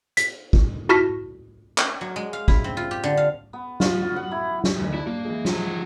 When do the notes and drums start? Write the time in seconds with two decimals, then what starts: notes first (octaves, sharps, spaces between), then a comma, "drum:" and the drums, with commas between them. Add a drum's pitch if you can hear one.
0.17 B6, drum: hi-hat
0.53 drum: kick
0.89 E4 F#4 A5 F6 A#6 B6
1.78 drum: clap
2.01 F#3
2.16 G#3
2.33 F5
2.48 E4, drum: kick
2.64 C4
2.77 F4
2.91 G4
3.04 D3
3.17 F5
3.53 B3
3.80 F4, drum: snare
4.02 F#4
4.16 F#5
4.31 E4
4.64 drum: snare
4.79 F#1 D2 E3
4.94 D4 E4
5.07 A#3
5.25 E3 G#3
5.45 F3 F4 F#5, drum: snare